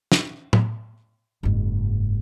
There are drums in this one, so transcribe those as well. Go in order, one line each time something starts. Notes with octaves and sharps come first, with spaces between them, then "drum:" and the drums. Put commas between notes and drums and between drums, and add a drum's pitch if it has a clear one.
drum: snare
drum: tom A2
F#1 G#2